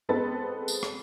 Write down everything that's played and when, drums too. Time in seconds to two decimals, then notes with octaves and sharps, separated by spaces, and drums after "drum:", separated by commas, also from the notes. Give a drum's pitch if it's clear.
0.09 G#3 B3 C4 A4 B4 A6
0.68 drum: tambourine
0.83 drum: rim click